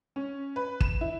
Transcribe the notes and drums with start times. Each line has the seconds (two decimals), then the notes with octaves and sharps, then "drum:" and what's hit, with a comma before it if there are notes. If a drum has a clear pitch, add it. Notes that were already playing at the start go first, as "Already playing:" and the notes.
0.16 C#4
0.56 B4
0.81 E7, drum: kick
1.01 E4